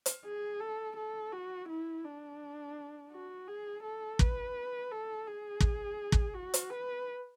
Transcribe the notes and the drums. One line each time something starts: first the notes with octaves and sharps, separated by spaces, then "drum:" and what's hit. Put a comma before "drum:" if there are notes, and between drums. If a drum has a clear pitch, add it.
drum: hi-hat
G#4
A4
A4
F#4
E4
D4
F#4
G#4
A4
B4, drum: kick
A4
G#4
drum: kick
drum: kick
F#4
drum: hi-hat
B4